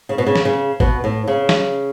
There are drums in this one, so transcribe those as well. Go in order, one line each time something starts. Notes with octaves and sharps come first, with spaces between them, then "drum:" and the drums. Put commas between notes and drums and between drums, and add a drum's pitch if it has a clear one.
C#3
B2
C#3
drum: snare
C#3
B2, drum: kick
A2
C#3
drum: snare